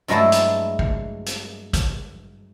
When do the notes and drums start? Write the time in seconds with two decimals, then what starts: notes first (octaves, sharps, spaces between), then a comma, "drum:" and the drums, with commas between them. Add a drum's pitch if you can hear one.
0.08 G2 F#3 G#3 A3 E4 A5
0.32 drum: hi-hat
0.79 drum: kick
1.26 drum: hi-hat
1.73 drum: kick, hi-hat